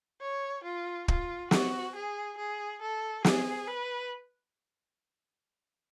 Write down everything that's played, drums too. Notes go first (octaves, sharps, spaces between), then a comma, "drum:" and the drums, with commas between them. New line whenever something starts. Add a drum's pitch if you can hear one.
C#5
F4
F4, drum: kick
F#4, drum: snare
G#4
G#4
A4
G#4, drum: snare
B4